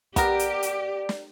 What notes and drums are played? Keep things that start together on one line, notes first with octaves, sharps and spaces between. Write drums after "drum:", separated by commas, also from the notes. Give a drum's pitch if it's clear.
B3 G4 A#4 D5, drum: kick, hi-hat
drum: hi-hat
drum: hi-hat
drum: snare